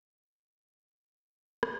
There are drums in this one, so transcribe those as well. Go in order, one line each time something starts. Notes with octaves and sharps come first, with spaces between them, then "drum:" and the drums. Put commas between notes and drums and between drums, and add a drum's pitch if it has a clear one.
F#4 A4 C#5
C5 D#5 G5 A5 D#6 A#6
A#3
drum: rim click